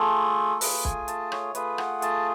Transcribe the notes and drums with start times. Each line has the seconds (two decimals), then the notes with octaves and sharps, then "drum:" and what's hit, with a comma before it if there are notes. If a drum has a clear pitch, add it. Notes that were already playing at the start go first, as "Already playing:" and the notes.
Already playing: A3 F4 G#4 A4
0.61 A3 F4 G#4 B4, drum: open hi-hat
0.85 G#5, drum: kick
1.08 A5, drum: hi-hat
1.32 C#5, drum: rim click
1.55 A3 F4 G#4 B4, drum: hi-hat
1.78 F#5, drum: rim click
2.02 A5, drum: hi-hat